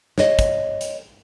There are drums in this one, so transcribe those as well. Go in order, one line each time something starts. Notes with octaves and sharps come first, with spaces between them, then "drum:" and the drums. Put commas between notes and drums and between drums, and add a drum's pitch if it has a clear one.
C#5 D#5, drum: snare
drum: kick, hi-hat
drum: hi-hat